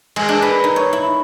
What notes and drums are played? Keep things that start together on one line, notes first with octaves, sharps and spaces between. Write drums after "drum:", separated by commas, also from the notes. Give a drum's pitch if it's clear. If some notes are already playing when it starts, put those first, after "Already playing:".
G#3, drum: cymbal
D4
B4
D#4
C#5
E4